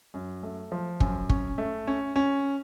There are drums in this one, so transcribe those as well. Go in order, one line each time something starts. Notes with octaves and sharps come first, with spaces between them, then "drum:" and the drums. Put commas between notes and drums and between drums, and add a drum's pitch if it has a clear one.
F#2
A3
F3
F#2, drum: kick
C#4, drum: kick
A3
C#4
C#4